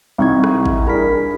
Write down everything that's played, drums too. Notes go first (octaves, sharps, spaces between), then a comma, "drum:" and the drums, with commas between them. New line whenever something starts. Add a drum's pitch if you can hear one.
C2 C4 D#4 C#6 G#6
drum: rim click
drum: kick G#1
D4 E4 G#4 A#4 B6